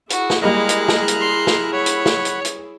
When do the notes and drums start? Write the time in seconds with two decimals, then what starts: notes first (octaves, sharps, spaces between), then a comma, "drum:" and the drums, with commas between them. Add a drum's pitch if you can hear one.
0.10 E4 F#4 G#4, drum: hi-hat
0.30 drum: snare
0.42 G3 G#3 A#3 D#5 A#5 F6 F#6
0.69 drum: hi-hat
0.88 drum: snare
1.08 drum: hi-hat
1.20 C6
1.47 drum: snare
1.73 C#5 F#5 B5
1.86 drum: hi-hat
2.06 drum: snare
2.25 drum: hi-hat
2.45 drum: hi-hat